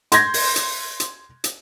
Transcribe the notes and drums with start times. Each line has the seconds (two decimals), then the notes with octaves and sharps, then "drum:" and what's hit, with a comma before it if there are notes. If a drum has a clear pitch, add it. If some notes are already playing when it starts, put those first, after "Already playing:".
0.12 C6 G6 G#6 A#6, drum: hi-hat
0.34 drum: open hi-hat
0.56 drum: hi-hat
1.00 drum: hi-hat
1.44 drum: hi-hat